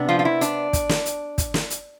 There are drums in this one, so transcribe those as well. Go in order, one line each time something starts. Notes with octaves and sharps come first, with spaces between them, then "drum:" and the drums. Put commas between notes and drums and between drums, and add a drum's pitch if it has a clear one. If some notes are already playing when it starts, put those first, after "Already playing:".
Already playing: C3 B3 D4
F3 F4
F4
E4
D4, drum: hi-hat
drum: kick, hi-hat
drum: snare
drum: hi-hat
drum: kick, hi-hat
drum: snare
drum: hi-hat